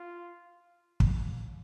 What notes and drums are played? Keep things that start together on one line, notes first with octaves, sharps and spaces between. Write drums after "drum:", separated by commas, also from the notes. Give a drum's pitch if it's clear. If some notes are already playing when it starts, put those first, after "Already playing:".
Already playing: F4
drum: kick